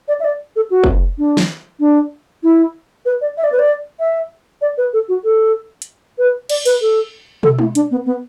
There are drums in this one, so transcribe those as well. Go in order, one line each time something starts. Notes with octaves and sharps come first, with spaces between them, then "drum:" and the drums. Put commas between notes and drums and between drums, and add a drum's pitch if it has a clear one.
D5
E5
D5
A4
F#4
drum: kick
D4
drum: snare
D4
E4
B4
D5
E5
D5
B4
D5
E5
D5
B4
A4
F#4
A4
drum: hi-hat
B4
D5, drum: cymbal
B4, drum: open hi-hat
A4
A4, drum: tom
E4, drum: tom G#3
D4, drum: hi-hat
B3
B3